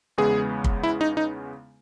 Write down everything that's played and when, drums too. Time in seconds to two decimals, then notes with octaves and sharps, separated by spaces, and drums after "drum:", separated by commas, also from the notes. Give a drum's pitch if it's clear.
0.18 E2 C#3 G#3 B3 G#4
0.64 drum: kick
0.83 E4
1.01 D#4
1.17 D#4